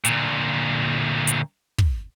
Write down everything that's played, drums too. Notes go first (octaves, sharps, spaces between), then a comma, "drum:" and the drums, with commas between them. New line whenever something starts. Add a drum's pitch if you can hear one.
D2 A#2, drum: hi-hat
drum: hi-hat
drum: kick